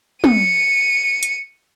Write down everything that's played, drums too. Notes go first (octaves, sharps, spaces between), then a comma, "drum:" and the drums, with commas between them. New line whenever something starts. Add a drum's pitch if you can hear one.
C#7 D#7, drum: tom
drum: hi-hat